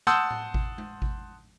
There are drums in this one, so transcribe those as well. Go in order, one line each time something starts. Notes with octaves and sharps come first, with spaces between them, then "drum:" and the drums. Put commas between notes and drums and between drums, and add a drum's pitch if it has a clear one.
F#5 A5 C6 D#6 E6 G6, drum: snare
drum: tom A2
drum: kick G#1
drum: tom G#3
drum: kick G#1